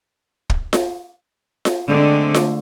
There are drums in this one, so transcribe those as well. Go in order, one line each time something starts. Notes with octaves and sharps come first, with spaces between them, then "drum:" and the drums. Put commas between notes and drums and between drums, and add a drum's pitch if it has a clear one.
drum: kick
drum: snare F4
drum: snare F4
D3 G#3 A3 C4
drum: snare F4